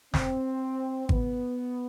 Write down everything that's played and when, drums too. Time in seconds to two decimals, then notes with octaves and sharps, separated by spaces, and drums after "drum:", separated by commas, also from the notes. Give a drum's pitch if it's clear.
0.14 C4, drum: snare
1.09 B3, drum: kick G#1